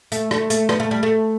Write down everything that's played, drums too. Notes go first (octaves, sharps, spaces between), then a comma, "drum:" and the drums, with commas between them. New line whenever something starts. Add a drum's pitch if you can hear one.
A3, drum: hi-hat
A3, drum: rim click
A3, drum: hi-hat
B3, drum: rim click
A3
G3
A3